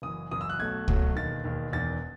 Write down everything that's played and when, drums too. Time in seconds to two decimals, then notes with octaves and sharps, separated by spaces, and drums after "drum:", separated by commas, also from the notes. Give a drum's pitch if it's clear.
0.02 F#1 F#2 E3 D#6
0.31 F#1 F#2 E3 D#6
0.41 E6
0.49 F#6
0.59 B1 B2 F#3 A3 G#6
0.88 B1 B2 F#3 A3, drum: kick
1.15 E1 D#2 D#3 A6
1.44 E1 D#2 D#3
1.73 E1 E2 D#3 A6